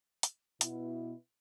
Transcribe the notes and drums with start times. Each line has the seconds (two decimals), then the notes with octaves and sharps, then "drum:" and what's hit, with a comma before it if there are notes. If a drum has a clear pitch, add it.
0.23 drum: hi-hat
0.61 B2 B3 E4, drum: hi-hat